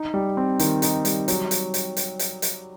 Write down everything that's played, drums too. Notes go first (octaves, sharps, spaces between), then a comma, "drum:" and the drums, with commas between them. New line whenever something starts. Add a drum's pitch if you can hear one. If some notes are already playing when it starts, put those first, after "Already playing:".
Already playing: D#4
G3
C4
D#3, drum: hi-hat
D#4, drum: hi-hat
G3, drum: hi-hat
F#3, drum: hi-hat
drum: hi-hat
drum: hi-hat
drum: hi-hat
drum: hi-hat
drum: hi-hat